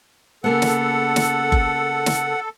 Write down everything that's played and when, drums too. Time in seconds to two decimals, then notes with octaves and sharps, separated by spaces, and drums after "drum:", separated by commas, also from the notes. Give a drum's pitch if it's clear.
0.44 C#3 A#3 B3 A4 F#5
0.62 drum: snare
1.16 drum: snare
1.52 drum: kick F#1
2.06 drum: snare